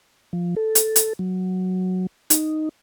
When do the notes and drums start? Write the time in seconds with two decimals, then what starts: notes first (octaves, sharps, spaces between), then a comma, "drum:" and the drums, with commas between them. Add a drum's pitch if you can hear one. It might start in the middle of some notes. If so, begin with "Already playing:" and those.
0.33 F3
0.56 A4
0.75 drum: hi-hat
0.96 drum: hi-hat
1.19 F#3
2.30 D#4, drum: hi-hat